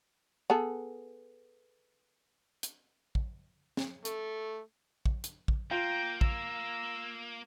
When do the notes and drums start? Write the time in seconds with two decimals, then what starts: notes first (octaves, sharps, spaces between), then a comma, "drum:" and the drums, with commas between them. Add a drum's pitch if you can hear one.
0.50 B3 G#4 A4
2.63 drum: hi-hat
3.15 drum: kick
3.77 drum: snare
4.05 A3, drum: hi-hat
5.06 drum: kick
5.24 drum: hi-hat
5.48 drum: kick
5.71 A#3 F4 G5 A#5
6.21 A#5 E6, drum: kick